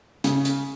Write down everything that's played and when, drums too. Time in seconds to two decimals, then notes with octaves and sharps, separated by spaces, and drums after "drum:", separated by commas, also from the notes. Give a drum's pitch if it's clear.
0.24 C#3, drum: hi-hat
0.45 drum: hi-hat